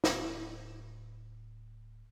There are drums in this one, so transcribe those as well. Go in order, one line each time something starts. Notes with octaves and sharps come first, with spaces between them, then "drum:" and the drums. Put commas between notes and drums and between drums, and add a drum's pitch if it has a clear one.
D1 A2, drum: snare